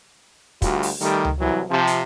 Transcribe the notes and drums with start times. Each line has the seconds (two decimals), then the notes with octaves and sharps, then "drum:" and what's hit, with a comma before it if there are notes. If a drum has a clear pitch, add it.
0.62 D2 G3 F4 F#4, drum: kick, hi-hat
0.83 drum: open hi-hat
1.01 D#3 G3 A3 G4, drum: hi-hat
1.25 drum: tom C#2
1.40 C2 E3 F#3
1.70 C3 F3
1.87 drum: hi-hat